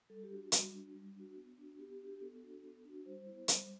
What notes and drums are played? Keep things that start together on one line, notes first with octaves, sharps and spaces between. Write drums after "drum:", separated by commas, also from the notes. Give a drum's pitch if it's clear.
G3 A4
G4
D4 F#4
G3 F#4, drum: hi-hat
D4 F#4
G3
D4 F#4
B3
D4 F#4
B3 G4
G4
D4 F#4
G4
B3 A4
D4 F#4
B3
D4 F#4
G3 C5
B3 E4
G3, drum: hi-hat